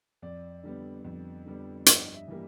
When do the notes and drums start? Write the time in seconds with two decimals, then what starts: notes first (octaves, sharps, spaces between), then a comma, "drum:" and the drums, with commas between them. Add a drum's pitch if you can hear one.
0.22 F2 D5
0.63 D3 G3 B3
1.04 F2
1.45 D3 G3 B3
1.86 G2 D#5, drum: hi-hat
2.14 E5
2.27 E3 G3 A#3